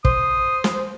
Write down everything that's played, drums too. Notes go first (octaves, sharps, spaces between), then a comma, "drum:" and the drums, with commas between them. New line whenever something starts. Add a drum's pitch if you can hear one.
C5 D#6, drum: kick
drum: snare